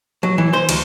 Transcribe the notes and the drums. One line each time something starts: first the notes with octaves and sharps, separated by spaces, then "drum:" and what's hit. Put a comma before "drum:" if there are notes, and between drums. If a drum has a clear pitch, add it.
F#3
E3
C5
D2, drum: cymbal